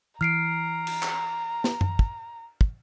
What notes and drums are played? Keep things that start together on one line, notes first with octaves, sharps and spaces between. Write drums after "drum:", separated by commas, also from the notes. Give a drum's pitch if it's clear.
E3 A#5 F6 C7 D7
drum: cymbal
drum: clap
drum: snare
drum: tom F#2
drum: kick
drum: kick